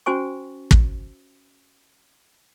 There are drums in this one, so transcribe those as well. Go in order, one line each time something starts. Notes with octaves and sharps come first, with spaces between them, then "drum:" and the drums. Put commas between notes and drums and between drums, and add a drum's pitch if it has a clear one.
C#4 F#4 C5 G#5 C#6
drum: kick